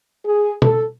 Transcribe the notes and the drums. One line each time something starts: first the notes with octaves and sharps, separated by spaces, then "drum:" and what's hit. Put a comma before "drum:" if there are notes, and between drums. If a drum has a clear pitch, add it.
G#4
A4, drum: tom